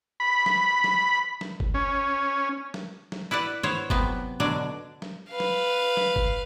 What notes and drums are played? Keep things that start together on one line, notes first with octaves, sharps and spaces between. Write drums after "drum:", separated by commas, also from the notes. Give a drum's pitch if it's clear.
B5
drum: snare
drum: snare
drum: snare
drum: kick F#1
C#4
drum: snare
drum: snare
E4 B4 D5 F#5
B3 E4 C5 C#5
C3 F#3 B3, drum: kick F#1
B2 D3 F#3 D4 D5
drum: snare
B4 F5
drum: snare
drum: snare
drum: kick F#1